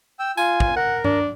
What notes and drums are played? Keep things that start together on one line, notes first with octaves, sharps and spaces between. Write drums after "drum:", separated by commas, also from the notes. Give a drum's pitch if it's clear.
G5 E6
F4 G#5, drum: tambourine
drum: kick
A#4 F#5
D4, drum: tom G2